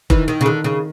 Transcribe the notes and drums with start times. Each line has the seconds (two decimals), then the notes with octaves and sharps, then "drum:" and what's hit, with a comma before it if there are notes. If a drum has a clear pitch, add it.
0.10 D#3 E3, drum: kick F1
0.28 D#3
0.41 C#3
0.46 D3 D#3
0.64 C#3